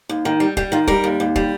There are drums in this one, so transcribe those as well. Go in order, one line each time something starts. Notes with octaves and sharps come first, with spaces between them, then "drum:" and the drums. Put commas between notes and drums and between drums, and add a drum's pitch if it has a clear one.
D#2
D#3
G3
G3 G4, drum: kick
D#3 F4
G3 A#4, drum: kick
D#2
D#2
G3, drum: kick